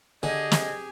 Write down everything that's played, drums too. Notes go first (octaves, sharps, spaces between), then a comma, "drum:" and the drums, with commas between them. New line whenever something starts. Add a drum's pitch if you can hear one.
D3 G4 G#4 D#5 G#5
drum: snare